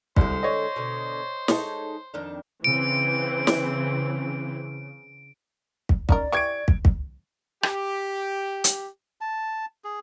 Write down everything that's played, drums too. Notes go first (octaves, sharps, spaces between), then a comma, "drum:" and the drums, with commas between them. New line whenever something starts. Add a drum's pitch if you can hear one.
C2 D3 G#3 C5, drum: kick
C#5 D#5
B2 D3
G#3 D#4 A4, drum: snare
F2 D#3 D4
C#3 E3 C4 D7
drum: snare
drum: kick
C#4 D#4 A#4 D5, drum: kick
E3 G4 C#6 G#6 D7
drum: kick
drum: kick
G4, drum: rim click
drum: hi-hat
A5
G#4